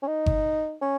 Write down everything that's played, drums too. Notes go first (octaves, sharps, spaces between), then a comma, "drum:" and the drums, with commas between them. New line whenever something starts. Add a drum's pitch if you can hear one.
C#4
D#4
drum: kick G1
C#4